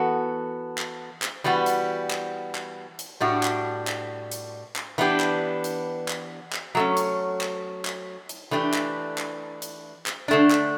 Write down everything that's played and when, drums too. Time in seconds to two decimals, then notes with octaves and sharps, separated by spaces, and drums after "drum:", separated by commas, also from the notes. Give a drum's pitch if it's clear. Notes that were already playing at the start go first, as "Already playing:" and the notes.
Already playing: E3 B3 F#4 A4
0.78 drum: clap
1.22 drum: clap
1.44 E3 G3 B3 F#4
1.66 drum: hi-hat
2.10 drum: clap
2.55 drum: clap
2.99 drum: hi-hat
3.20 A2 G3 D4 F#4
3.43 drum: clap
3.87 drum: clap
4.32 drum: hi-hat
4.76 drum: clap
4.98 E3 B3 D4 G4
5.20 drum: clap
5.64 drum: hi-hat
6.08 drum: clap
6.53 drum: clap
6.75 F#3 A3 C#4
6.97 drum: hi-hat
7.41 drum: clap
7.85 drum: clap
8.29 drum: hi-hat
8.51 E3 A3 D4 G4
8.74 drum: clap
9.18 drum: clap
9.62 drum: hi-hat
10.06 drum: clap
10.28 D3 A3 D4
10.50 drum: clap